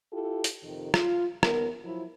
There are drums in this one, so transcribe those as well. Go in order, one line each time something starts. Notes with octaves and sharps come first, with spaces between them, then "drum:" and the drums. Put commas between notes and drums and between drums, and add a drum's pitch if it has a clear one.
E4 F4 G4 A4
drum: hi-hat
F2 C3 D#3
F4, drum: rim click
D#2 B3 A#4, drum: rim click
F3 F#3 E4